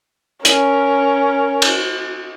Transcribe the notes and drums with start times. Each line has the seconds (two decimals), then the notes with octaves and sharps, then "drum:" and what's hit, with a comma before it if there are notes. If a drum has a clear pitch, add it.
0.45 C#4 A#4, drum: hi-hat
1.62 drum: cymbal